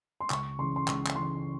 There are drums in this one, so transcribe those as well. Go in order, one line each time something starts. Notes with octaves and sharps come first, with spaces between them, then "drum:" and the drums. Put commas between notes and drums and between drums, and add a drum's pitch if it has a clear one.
C6
C#2 C#6, drum: clap
C#3 E3 C6
C6
C#2 C#6, drum: clap
drum: clap
C#3 E3 C6